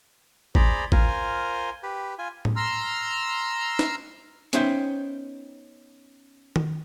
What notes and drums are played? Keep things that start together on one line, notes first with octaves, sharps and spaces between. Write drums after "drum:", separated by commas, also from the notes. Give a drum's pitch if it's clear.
G#4 C5 D5 A#5 B5, drum: kick A1
F4 A#4 C5 G#5, drum: kick A1
G4 B4
F4 G#5
drum: tom A2
A#5 C6 E6 F6
drum: snare
B3 C#4 D#4 C5 E5 G5, drum: hi-hat
drum: tom D#3